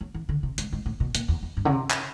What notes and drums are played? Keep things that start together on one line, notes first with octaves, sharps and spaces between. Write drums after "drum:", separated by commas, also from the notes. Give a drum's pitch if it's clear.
F#3
E3
D3
C3
G#2, drum: hi-hat
G#2
A2
B2
A#2, drum: hi-hat
E2
F2
G2
C#3
C3
drum: clap